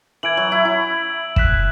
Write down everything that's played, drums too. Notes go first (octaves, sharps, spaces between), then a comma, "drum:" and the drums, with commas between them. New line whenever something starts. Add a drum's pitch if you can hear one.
E3 G#6 D7 F#7
F#3
E4
E4
F#6 B6 E7, drum: kick